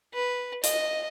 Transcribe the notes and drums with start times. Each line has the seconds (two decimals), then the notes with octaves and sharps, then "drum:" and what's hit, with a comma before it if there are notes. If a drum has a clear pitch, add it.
0.13 B4
0.63 D#5, drum: hi-hat